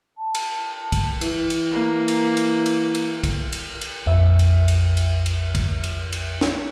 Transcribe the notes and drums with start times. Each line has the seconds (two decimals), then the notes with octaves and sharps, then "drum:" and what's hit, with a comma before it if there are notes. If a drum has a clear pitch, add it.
0.18 A5
0.35 drum: cymbal
0.92 drum: kick, cymbal
1.21 E3, drum: cymbal
1.50 drum: cymbal
1.71 A#3
2.08 drum: cymbal
2.37 drum: cymbal
2.66 drum: cymbal
2.95 drum: cymbal
3.24 drum: kick, cymbal
3.52 drum: cymbal
3.81 drum: cymbal
4.06 A#1 F2 E5
4.39 drum: cymbal
4.68 drum: cymbal
4.97 drum: cymbal
5.26 drum: cymbal
5.55 drum: kick, cymbal
5.84 drum: cymbal
6.12 drum: cymbal
6.41 drum: snare